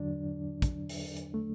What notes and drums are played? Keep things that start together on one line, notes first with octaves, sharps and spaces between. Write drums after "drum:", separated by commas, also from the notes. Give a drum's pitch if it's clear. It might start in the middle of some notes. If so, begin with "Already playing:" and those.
Already playing: E2 D3 F#3 D4
drum: kick, hi-hat
drum: open hi-hat
drum: hi-hat
A3